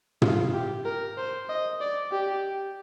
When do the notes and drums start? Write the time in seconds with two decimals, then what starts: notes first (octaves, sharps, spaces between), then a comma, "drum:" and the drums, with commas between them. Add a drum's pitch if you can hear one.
0.22 F4, drum: tom
0.53 G4
0.85 A#4
1.17 C5
1.49 D#5
1.81 D5
2.12 G4